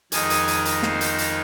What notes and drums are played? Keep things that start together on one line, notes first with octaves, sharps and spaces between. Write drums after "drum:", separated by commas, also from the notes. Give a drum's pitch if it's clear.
F2 D#3 G#3 D#4 D#5 G#5, drum: hi-hat
drum: hi-hat
drum: hi-hat
drum: hi-hat
C5 F5, drum: snare
drum: hi-hat
drum: hi-hat